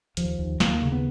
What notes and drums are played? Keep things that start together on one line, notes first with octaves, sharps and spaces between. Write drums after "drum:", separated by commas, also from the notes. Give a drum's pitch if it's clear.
D#2 F3, drum: hi-hat
D#2
D#2 A#3, drum: snare
C#3
B3